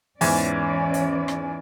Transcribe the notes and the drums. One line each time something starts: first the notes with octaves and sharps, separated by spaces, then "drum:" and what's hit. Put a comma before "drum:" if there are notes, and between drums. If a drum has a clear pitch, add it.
E2 G#2 E3 C#4 D5, drum: open hi-hat
drum: hi-hat
drum: rim click